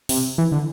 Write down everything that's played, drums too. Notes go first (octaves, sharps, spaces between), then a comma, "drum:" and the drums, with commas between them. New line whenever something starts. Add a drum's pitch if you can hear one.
C3, drum: open hi-hat
E3
D3